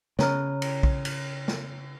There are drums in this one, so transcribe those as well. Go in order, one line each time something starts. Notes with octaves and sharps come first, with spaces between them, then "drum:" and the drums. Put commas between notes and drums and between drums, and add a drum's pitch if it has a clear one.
C#3 C#5 A#5 F6, drum: snare
drum: cymbal
drum: kick
drum: cymbal
drum: snare